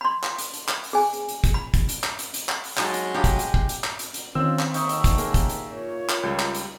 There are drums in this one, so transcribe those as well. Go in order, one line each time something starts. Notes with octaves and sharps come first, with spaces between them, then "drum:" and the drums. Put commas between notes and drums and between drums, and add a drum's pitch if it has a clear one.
B5 C6
drum: clap
drum: hi-hat
drum: hi-hat
drum: clap
drum: open hi-hat
G#4 G#5
drum: hi-hat
drum: hi-hat
drum: kick, hi-hat
B5
drum: kick, hi-hat
drum: hi-hat
drum: clap
drum: hi-hat
drum: hi-hat
drum: clap
drum: open hi-hat
F#3 G#3 D#4 G4 A4, drum: clap
drum: hi-hat
A#3 B3 D4 G4
drum: kick, hi-hat
drum: hi-hat
drum: kick
drum: hi-hat
drum: clap
drum: hi-hat
drum: hi-hat
D#3 C4 C#4 F4 E6
drum: clap
D#2 D3 D#4 E5 C#6, drum: hi-hat
drum: hi-hat
drum: kick, hi-hat
A#3 G#4, drum: hi-hat
drum: kick, hi-hat
drum: hi-hat
F4 A#4 C#5
drum: clap
C#2 G3
drum: clap
drum: hi-hat